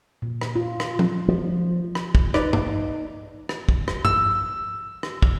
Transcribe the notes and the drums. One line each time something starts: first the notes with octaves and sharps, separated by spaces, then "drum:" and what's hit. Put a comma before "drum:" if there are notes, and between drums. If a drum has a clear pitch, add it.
A#2
drum: rim click
F4
drum: rim click
drum: tom
F3
drum: rim click
drum: kick
D#4 B4 D5, drum: rim click
drum: tom G2
drum: rim click
drum: kick
drum: rim click
E6, drum: tom G2
drum: rim click
drum: kick